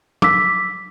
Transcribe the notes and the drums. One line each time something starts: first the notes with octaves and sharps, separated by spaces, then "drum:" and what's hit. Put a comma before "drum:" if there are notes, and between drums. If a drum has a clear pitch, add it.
D6 E6 B6, drum: tom